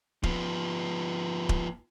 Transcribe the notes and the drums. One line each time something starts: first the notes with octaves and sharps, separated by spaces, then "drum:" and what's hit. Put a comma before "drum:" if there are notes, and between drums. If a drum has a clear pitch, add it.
F3 B3, drum: kick D#1
drum: kick D#1